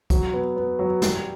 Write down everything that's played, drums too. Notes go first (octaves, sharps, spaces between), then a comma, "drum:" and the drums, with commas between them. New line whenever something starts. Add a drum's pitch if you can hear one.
F#3, drum: kick, hi-hat
B3
B3
F#3
G3, drum: snare